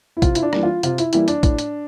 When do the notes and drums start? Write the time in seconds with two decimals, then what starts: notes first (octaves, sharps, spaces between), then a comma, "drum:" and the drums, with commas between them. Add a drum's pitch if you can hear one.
0.17 E4
0.22 C3 F4, drum: kick, hi-hat
0.35 E4, drum: hi-hat
0.43 D4
0.53 E3 G3 A#3, drum: rim click
0.63 F4
0.83 C3 F4, drum: hi-hat
0.98 E4, drum: hi-hat
1.13 E3 G3 A#3 E4, drum: hi-hat
1.28 D4, drum: hi-hat
1.43 A2, drum: kick, hi-hat
1.59 drum: hi-hat